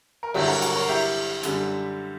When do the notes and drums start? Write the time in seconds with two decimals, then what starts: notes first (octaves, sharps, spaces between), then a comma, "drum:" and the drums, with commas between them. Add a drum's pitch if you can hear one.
0.23 A#4
0.34 G2 D3 F#3 E4 G4, drum: cymbal
0.48 F#4 A#4
0.62 F#4 A#4, drum: hi-hat
0.76 A#4 C#5
0.89 E4 G4
1.43 F#2 D3 G3, drum: hi-hat